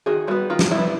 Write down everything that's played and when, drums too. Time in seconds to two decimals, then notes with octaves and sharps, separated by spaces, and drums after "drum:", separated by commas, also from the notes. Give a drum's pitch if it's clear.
0.06 D#3 F#4 G#4
0.27 G3 B3 E4 F#4
0.50 D#3 F4
0.59 drum: snare
0.71 G3 B3 E4